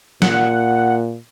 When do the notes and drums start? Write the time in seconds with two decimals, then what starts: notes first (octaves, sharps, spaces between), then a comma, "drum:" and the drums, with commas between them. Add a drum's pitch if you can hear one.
0.22 A#2 F#5, drum: snare